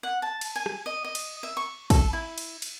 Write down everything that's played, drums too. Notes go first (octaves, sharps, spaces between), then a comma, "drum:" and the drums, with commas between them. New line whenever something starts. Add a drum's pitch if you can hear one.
F#5
A5
drum: cymbal
G#5
drum: rim click
D#5
D#5
drum: cymbal
E5
C#6
A4, drum: kick, cymbal
E4
drum: cymbal
drum: cymbal